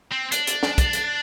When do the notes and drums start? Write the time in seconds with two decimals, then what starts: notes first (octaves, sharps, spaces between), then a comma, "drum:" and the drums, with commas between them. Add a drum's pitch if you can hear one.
0.12 C4
0.32 D4, drum: hi-hat
0.47 drum: hi-hat
0.63 drum: snare
0.78 drum: kick, hi-hat
0.93 drum: hi-hat